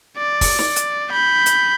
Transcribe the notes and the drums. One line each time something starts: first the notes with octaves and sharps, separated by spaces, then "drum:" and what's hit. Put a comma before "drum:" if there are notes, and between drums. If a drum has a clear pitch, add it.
D5
drum: kick, open hi-hat
drum: snare
drum: hi-hat
B5 G6
drum: hi-hat